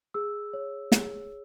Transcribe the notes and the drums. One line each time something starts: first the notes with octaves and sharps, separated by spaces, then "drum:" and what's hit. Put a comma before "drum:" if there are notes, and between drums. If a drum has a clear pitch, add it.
G#4 E6
C#5
G#4, drum: snare